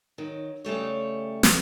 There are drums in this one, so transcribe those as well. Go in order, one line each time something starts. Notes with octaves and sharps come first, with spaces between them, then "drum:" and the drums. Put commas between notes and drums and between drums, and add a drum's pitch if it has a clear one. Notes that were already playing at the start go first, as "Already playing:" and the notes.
D#3 F#3
C#3 G3 A3 C#5
B3, drum: snare